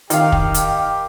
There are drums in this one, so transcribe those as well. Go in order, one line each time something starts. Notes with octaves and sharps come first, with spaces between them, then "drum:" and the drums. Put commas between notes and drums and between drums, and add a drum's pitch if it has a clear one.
D#3 G4 F5, drum: hi-hat
drum: kick
drum: hi-hat